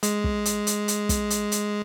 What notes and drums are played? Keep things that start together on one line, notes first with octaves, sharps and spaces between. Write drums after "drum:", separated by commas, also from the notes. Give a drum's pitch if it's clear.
G#3, drum: hi-hat
drum: kick
drum: hi-hat
drum: hi-hat
drum: hi-hat
drum: kick, hi-hat
drum: hi-hat
drum: hi-hat